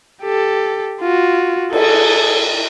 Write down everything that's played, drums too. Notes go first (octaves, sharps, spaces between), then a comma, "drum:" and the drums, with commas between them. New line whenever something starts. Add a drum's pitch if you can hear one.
G4 A4
F4 F#4
G#4 A4, drum: cymbal